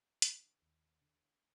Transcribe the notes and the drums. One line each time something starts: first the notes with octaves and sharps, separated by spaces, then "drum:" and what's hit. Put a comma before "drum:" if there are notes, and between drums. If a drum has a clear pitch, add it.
D3, drum: hi-hat
D#2
D3